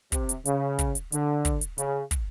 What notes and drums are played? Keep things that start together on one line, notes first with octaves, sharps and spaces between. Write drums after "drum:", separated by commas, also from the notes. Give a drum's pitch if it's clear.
C3, drum: kick, hi-hat
drum: hi-hat
C#3, drum: hi-hat
drum: kick, hi-hat
drum: hi-hat
D3, drum: hi-hat
drum: kick, hi-hat
drum: hi-hat
C#3, drum: hi-hat
drum: kick, hi-hat